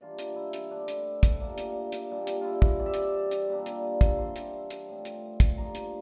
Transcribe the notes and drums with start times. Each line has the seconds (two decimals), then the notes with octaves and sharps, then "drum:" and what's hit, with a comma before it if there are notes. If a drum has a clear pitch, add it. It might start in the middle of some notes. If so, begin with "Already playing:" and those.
0.01 E3 G3 A#3 D4 F4
0.19 drum: hi-hat
0.36 E4
0.53 drum: hi-hat
0.71 D3 A3 C4 D4
0.88 drum: hi-hat
1.23 drum: kick, hi-hat
1.40 A#2 G3 A#3 D4
1.58 drum: hi-hat
1.92 drum: hi-hat
2.10 A#2 G3 D4
2.27 drum: hi-hat
2.41 E4 F4
2.62 drum: kick
2.79 E3 G3 C4 D5
2.86 E5
2.94 D5, drum: hi-hat
3.31 drum: hi-hat
3.49 A#2 G3 A#3 D4
3.66 drum: hi-hat
4.01 drum: kick, hi-hat
4.18 E3 G3 C4 C6
4.36 drum: hi-hat
4.70 drum: hi-hat
4.88 A2 F3 C4
5.05 drum: hi-hat
5.40 drum: kick, hi-hat
5.57 G2 F3 A#3 A#5
5.75 drum: hi-hat